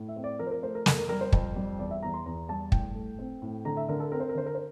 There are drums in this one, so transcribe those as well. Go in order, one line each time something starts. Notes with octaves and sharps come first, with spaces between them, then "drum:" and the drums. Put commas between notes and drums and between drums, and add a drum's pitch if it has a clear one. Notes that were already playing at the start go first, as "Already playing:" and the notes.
Already playing: A2
E5
C4
D5
F3 A#4
C5
A#4
A3 C5
A#4
F2 A4, drum: snare
A#4
G3 A#4
C5
F2, drum: kick
G3
E2 D5
E5
E2 A#5
C6
E2 A#5
G3 A5
A2 G5, drum: kick
A3
C4
A2
D3 A#5
E5
D3 A#4
A4
C4 A#4
C5
A#4
D3 C5
A#4
C5